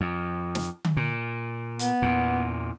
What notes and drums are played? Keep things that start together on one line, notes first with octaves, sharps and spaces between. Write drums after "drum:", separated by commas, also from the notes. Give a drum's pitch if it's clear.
F2
drum: snare
drum: tom D3
A#2
B3, drum: hi-hat
E2 A#2